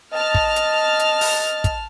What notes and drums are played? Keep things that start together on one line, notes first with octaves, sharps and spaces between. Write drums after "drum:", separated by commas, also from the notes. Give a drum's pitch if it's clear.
D#5 A5 F6
drum: kick
drum: hi-hat
drum: hi-hat
drum: open hi-hat
drum: kick, hi-hat